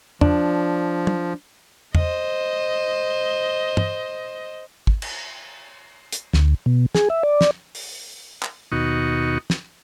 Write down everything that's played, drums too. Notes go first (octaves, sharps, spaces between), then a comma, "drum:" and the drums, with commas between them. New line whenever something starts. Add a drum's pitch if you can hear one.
F3 D4, drum: tom E2
drum: tom
C5 D#5, drum: tom E2
drum: tom
drum: kick
drum: cymbal
drum: hi-hat
D2, drum: snare
B2
G#4, drum: snare
E5
D5
drum: snare
drum: open hi-hat
drum: clap
D#2 B2 D#4 F#4 C#6
drum: snare